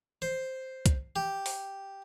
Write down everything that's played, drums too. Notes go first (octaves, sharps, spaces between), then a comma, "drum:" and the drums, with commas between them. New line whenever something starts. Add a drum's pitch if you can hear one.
C5
drum: kick C2, hi-hat
G4
drum: open hi-hat